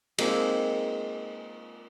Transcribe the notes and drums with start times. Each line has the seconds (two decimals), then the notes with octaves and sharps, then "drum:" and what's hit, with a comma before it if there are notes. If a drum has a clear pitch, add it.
0.18 G#3 A#3 C4 D#4, drum: cymbal